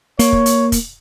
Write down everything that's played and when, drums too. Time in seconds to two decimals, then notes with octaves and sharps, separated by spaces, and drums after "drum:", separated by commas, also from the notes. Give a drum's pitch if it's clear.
0.19 A#3 C#5, drum: hi-hat
0.33 drum: kick
0.46 drum: hi-hat
0.72 drum: kick, hi-hat